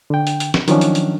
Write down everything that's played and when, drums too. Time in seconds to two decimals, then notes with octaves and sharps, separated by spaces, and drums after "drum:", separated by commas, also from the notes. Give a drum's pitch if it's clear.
0.10 D3 G5
0.27 drum: hi-hat
0.40 drum: hi-hat
0.54 drum: snare
0.68 D#3 F3 F#3 C#4 D4, drum: hi-hat
0.81 drum: hi-hat
0.95 drum: hi-hat